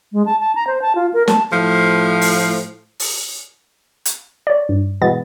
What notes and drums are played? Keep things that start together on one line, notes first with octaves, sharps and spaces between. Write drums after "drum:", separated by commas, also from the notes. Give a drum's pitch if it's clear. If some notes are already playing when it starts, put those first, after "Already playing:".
G#3
A5
A5
A#5
C5
A5
F4
A#4
A5, drum: snare
A2 F3
drum: open hi-hat
drum: open hi-hat
drum: hi-hat
C#5 D5
G2
B2 E3 G#3 B3 A6